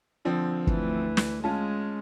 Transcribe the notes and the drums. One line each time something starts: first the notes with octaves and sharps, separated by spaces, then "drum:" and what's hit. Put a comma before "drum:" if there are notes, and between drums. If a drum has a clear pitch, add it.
D3 F3 C4
D2 E3, drum: kick
drum: snare
G#3 C#4 F4 A5